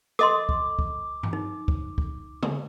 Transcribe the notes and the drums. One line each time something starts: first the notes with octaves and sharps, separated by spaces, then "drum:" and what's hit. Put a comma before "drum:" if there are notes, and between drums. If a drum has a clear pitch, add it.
A4 D#5 C6 D6, drum: rim click
drum: kick
drum: kick
drum: tom G2
D#4
drum: kick
drum: kick
drum: tom